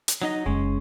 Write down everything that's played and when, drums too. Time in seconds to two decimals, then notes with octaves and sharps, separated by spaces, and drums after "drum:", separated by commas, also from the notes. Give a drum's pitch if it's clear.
0.08 drum: hi-hat
0.22 F#3 D#4 D#5
0.46 F#1 G#3 C#4